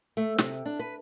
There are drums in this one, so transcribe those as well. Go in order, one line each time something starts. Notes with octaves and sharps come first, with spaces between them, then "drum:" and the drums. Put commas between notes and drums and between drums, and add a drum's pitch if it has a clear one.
A3
C3, drum: snare
D4
B4